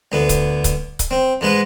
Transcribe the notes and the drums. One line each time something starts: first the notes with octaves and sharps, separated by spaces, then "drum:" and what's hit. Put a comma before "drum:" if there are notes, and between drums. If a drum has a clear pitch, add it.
D2 B3
drum: kick C#1, hi-hat
drum: kick C#1, hi-hat
drum: kick C#1, hi-hat
C4
G#2 G#3 B4